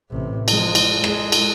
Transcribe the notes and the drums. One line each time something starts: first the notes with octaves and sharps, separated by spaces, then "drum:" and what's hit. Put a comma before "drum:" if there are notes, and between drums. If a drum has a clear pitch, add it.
A1 C3
F3 G#3, drum: cymbal
drum: cymbal
G#3, drum: rim click
drum: cymbal